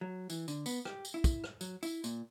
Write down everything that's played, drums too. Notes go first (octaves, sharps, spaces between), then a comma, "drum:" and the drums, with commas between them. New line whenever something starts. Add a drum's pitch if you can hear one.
F#3
E3, drum: tambourine
D3, drum: tambourine
B3, drum: tambourine
G4, drum: rim click
drum: tambourine
E4
drum: kick, tambourine
drum: rim click
F#3, drum: tambourine
E4, drum: tambourine
A#2, drum: tambourine